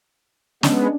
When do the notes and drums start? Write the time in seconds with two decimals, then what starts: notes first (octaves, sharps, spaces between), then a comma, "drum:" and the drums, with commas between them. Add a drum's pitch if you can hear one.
0.63 G#3 B3 C#4 D4, drum: snare